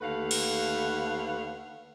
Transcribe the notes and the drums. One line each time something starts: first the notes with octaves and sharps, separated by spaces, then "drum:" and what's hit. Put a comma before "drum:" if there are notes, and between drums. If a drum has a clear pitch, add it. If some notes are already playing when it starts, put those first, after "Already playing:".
D#2 D3 A3 B4 F5 F#5
drum: cymbal